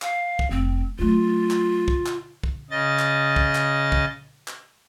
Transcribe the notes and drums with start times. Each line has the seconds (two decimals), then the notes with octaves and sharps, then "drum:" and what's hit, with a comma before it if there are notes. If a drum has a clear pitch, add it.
0.02 F5, drum: clap
0.39 drum: kick
0.51 F1 C4
0.99 F#3 A3 F4
1.51 drum: clap
1.88 drum: kick
2.06 drum: clap
2.43 drum: kick
2.71 C#3 D#5 A6
2.99 drum: clap
3.36 drum: kick
3.55 drum: clap
3.92 drum: kick
4.48 drum: clap